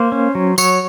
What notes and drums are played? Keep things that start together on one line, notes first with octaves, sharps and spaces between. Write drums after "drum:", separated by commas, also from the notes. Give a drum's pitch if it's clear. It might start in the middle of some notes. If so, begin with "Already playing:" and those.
Already playing: A#3 C5
C#4
F#3
F#3 C#5, drum: tambourine